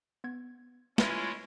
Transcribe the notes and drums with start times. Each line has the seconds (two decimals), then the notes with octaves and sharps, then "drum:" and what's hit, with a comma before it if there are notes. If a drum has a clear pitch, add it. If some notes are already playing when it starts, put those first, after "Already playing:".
0.24 B3 G#6
0.98 G#3 A3 C#4 E4 F4 B4 E5, drum: snare